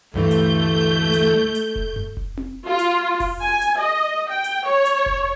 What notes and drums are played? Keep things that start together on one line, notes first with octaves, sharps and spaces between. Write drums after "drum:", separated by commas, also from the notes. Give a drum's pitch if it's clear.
D2 G2 E3 A3 G6
drum: hi-hat
drum: hi-hat
drum: hi-hat
drum: kick F1
drum: tom F#2
drum: kick F1
drum: tom C4
F4
drum: hi-hat
drum: kick F1, open hi-hat
G#5
drum: hi-hat
D#5
G5
drum: hi-hat
C#5
drum: hi-hat
drum: kick F1